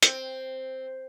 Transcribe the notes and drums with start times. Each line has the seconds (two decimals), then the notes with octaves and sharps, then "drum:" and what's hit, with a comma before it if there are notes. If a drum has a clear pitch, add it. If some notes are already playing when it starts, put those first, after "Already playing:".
0.03 C4, drum: hi-hat